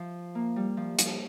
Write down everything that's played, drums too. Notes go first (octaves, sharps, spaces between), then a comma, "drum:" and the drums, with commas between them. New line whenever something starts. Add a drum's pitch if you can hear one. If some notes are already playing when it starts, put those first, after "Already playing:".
Already playing: F3
A#3
G3
F3
F3, drum: hi-hat